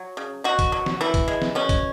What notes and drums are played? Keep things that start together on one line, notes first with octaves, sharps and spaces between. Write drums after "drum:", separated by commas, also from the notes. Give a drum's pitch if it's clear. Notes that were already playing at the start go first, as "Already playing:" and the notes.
Already playing: F#3
C#3
B2 F#4
drum: kick C2, hi-hat
F#3
drum: snare
E3 E4
drum: kick C2, hi-hat
G#3
drum: snare
B2 C#4
drum: kick C2, hi-hat